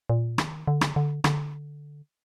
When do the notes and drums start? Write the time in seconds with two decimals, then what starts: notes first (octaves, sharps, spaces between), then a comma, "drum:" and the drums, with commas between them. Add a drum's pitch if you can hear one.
0.10 A#2
0.38 D#3, drum: rim click
0.67 D3
0.81 drum: rim click
0.96 D3
1.24 D3, drum: rim click